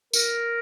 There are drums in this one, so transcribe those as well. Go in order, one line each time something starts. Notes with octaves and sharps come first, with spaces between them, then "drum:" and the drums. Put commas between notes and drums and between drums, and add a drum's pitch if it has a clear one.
A#4, drum: tambourine